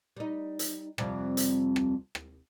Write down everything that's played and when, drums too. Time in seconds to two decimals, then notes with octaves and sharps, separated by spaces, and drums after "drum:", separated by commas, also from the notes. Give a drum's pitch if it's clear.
0.17 G3 D#4
0.59 drum: hi-hat
0.98 F2 C3 G3, drum: rim click
1.37 drum: hi-hat
1.76 drum: rim click
2.15 drum: rim click